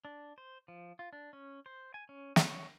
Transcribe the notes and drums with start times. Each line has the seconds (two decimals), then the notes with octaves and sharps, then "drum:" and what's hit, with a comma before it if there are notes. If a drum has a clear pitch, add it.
0.05 D4
0.38 C5
0.68 F3
0.99 F4
1.13 D4
1.33 C#4
1.66 C5
1.94 G#5
2.09 C#4
2.36 C#5, drum: snare